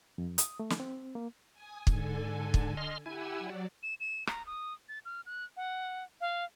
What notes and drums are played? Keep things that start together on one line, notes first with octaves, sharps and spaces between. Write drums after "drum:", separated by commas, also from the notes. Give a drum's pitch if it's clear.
F2
D#6, drum: hi-hat
A3
drum: snare
C4
A#3
G#5 D#6
G#2 D3 A4 G#5, drum: kick
drum: kick
D#5 C6 F6
E4 G4 F#5 G#5 E6
F#3 D5
E7
E7
A#5, drum: rim click
D#6
A6
F6
F#6
F#5
F5